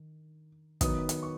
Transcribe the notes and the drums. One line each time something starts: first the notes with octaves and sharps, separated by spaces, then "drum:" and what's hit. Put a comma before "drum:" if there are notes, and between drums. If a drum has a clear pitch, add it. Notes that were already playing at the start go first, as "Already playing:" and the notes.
Already playing: D#3
D#3 F#3 B3 D#4 D#6, drum: kick, hi-hat
drum: hi-hat
C#6